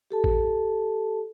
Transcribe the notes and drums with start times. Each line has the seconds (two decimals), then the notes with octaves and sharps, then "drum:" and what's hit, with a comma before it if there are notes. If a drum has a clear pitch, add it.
0.11 G4 A4 A5
0.24 drum: kick A1